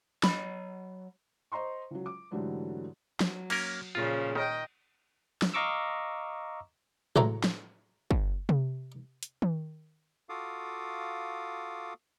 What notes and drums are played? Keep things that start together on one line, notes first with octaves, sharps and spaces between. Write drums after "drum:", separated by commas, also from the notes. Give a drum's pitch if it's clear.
F#3 B5, drum: snare
C5 D#5 A#5 C6 C#6
C#2 F#3
D6
G#2 D3 E3 F#3 A3 G4
F#3, drum: snare
A#3 C#4 A#4, drum: cymbal
A#2 C#3 F3 F4
D#3 D#5 G5
drum: snare
D#5 F5 A#5 C#6 D6 E6
A1 C#3 F#3 A3 C4 A#5, drum: tom A2
drum: snare
drum: kick
drum: tom C3
drum: hi-hat
drum: tom D#3
F4 F#4 A4 F5 D6 D#6